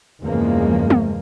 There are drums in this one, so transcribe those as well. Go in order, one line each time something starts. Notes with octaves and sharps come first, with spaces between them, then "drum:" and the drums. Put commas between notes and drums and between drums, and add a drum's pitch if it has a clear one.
E2 G2 C#3 F3 G#3 A#3
drum: tom